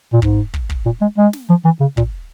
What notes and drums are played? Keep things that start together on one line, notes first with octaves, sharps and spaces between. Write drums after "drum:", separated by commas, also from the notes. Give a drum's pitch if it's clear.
A#2
G#2, drum: kick
drum: kick
drum: kick
A#2
G#3
G#3
drum: snare
F3
E3
C#3
A#2, drum: kick